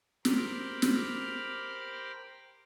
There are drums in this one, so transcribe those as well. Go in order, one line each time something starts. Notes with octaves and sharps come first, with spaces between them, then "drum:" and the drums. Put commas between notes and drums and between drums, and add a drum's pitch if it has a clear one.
G4 A#4 C5 B5 D6 F6, drum: snare
drum: snare